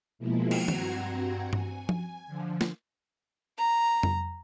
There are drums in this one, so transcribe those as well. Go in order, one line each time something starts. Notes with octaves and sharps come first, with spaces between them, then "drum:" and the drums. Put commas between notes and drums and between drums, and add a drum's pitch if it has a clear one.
B2 F3 G#3 A#3 E4
drum: cymbal
G2 C4 F#4 F#5 A#5 G#6, drum: tom D#3
G#5, drum: tom G2
drum: tom F3
D3 F3
drum: snare
A#5
drum: tom F2